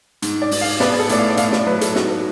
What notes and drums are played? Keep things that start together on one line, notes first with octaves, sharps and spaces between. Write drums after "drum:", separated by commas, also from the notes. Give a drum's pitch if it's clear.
G#2, drum: hi-hat
D5
G#2, drum: open hi-hat
F5
B3 D5, drum: snare
G#4
A4
A2 D5, drum: hi-hat
F5
D5
A2 F5, drum: hi-hat
D5, drum: snare
F#3 B4
A4, drum: hi-hat
G#2 F#4, drum: snare